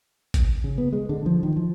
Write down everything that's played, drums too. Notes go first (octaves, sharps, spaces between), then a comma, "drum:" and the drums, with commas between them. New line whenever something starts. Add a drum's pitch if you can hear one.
drum: kick G#1, hi-hat
C#3
B3
G#3
D3
F3
D#3
F3